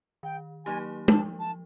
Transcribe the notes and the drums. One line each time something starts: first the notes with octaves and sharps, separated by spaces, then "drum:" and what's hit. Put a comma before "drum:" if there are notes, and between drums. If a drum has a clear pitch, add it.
D#3 G5
F#3 A#3 D#4 G4 G#5
F3 A5, drum: tom
A5